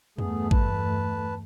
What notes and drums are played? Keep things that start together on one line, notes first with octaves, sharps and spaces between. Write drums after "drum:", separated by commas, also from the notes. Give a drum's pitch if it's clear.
E2 G2 A3 B3 G#4, drum: tom E2
B4 A5, drum: kick